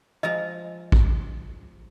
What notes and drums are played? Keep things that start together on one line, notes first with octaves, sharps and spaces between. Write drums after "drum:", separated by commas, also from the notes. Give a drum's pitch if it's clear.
F3 G#3 D#5 A#5
drum: kick A1